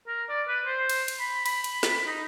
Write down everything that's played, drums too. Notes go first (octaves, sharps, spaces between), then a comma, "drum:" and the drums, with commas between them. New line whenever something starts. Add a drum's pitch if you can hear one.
A#4
D5
B4
C5
drum: cymbal
drum: cymbal
B5
B5, drum: cymbal
drum: cymbal
drum: snare
D#4